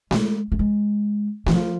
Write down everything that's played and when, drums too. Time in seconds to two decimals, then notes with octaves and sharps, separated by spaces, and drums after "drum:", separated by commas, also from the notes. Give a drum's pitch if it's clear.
0.11 G#3, drum: snare A3
0.52 A3
0.59 G#3
1.46 E3, drum: snare A3
1.54 F3